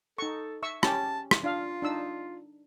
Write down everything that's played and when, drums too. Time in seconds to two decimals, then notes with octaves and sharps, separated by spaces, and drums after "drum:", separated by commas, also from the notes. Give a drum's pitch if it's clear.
0.18 D#4 A4 C#6
0.63 E5 C#6 E6
0.83 C#4 G4 A5, drum: rim click
1.31 drum: rim click
1.43 D4 F4 F5
1.82 D4 D#4 E6